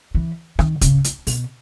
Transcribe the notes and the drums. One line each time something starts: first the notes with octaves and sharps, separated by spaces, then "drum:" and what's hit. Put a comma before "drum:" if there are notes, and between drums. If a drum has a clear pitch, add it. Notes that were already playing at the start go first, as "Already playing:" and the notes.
E3
D#3, drum: rim click
C#3, drum: kick, hi-hat
drum: hi-hat
B2, drum: open hi-hat